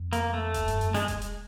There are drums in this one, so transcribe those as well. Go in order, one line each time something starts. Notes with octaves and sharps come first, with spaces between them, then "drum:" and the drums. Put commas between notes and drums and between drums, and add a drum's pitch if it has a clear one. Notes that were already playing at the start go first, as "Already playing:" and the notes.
Already playing: F2
A#3, drum: hi-hat
A3
E2, drum: kick E1, hi-hat
G2, drum: hi-hat
F#2, drum: hi-hat
G#3, drum: snare
drum: kick E1, hi-hat
drum: hi-hat